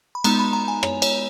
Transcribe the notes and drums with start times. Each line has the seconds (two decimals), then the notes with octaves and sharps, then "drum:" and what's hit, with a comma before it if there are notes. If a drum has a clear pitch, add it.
0.15 B5
0.24 G#3 B3 D#4 A#5, drum: cymbal
0.39 B5
0.53 A#5
0.68 G#5
0.83 C#5, drum: rim click
1.02 C#5, drum: cymbal